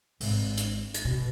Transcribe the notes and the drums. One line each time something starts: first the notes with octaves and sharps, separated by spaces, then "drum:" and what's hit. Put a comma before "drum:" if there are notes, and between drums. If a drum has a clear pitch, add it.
G#1, drum: open hi-hat
drum: hi-hat
drum: hi-hat
B2